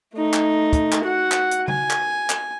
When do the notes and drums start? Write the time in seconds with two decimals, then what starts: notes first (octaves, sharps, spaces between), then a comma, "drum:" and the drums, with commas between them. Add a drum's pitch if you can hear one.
0.14 A3 D#4
0.33 drum: clap
0.73 drum: kick, hi-hat
0.92 drum: clap
1.03 F#4 F#5
1.32 drum: clap
1.51 drum: hi-hat
1.68 G#5, drum: tom C#3
1.90 drum: clap
2.30 drum: clap